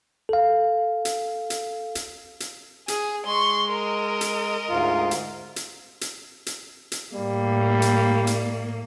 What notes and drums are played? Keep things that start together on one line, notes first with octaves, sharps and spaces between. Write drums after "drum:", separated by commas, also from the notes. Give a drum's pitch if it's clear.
A4 F5
drum: hi-hat
drum: hi-hat
drum: hi-hat
drum: hi-hat
G#4, drum: hi-hat
G#3 C6 C#6
A#4 D#5
drum: hi-hat
D2 G#2 F4
drum: hi-hat
drum: hi-hat
drum: hi-hat
drum: hi-hat
drum: hi-hat
A2 G3 A#3
drum: hi-hat
drum: hi-hat